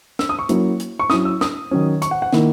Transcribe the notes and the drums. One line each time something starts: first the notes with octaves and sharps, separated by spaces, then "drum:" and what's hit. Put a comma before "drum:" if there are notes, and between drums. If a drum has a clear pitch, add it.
E6, drum: snare
D#6
C#6
F#3 A#3 C#4 E4, drum: hi-hat
drum: hi-hat
C#6
F#3 C#4 E4 D#6, drum: snare
E6
D#6, drum: snare
D#3 F#3 C#4
C#6, drum: hi-hat
F#5
F#5
D#3 A#3 E4, drum: snare